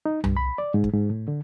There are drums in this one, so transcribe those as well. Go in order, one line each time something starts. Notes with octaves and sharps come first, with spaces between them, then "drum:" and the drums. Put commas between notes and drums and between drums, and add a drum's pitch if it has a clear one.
D#4
G2, drum: tom C2
B5
D5
G#2
drum: kick
G#2
A2
D3